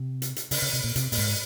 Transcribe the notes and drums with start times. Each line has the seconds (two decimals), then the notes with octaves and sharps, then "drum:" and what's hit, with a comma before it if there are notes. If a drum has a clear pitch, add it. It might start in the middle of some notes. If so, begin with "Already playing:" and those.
Already playing: C3
0.22 drum: hi-hat
0.36 drum: hi-hat
0.51 C#3, drum: open hi-hat
0.62 C#3
0.73 C3
0.84 A#2
0.96 C3, drum: hi-hat
1.12 A#2, drum: open hi-hat
1.17 G#2